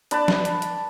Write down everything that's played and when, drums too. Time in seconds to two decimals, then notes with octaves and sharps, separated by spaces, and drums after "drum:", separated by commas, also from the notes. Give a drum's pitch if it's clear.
0.11 D4 B4 D5 A5, drum: hi-hat
0.28 drum: snare
0.45 drum: hi-hat
0.62 drum: hi-hat